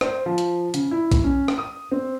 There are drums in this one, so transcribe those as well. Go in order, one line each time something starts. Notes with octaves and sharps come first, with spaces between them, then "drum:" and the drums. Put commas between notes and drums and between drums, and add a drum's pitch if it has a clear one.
C5, drum: rim click
F3
drum: hi-hat
C#3, drum: hi-hat
E4
drum: kick B1, hi-hat
C#4
drum: rim click
D#6
C4